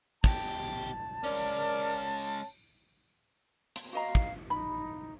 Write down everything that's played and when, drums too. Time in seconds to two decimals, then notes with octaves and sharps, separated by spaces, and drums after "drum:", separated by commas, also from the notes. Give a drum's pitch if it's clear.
0.24 B2 G4 A5, drum: kick
1.24 G#3 C#4 A#4 D5
2.18 drum: tambourine
3.76 drum: hi-hat
3.93 F#4 D#5 F5 A#5
4.15 drum: kick
4.50 D#4 B5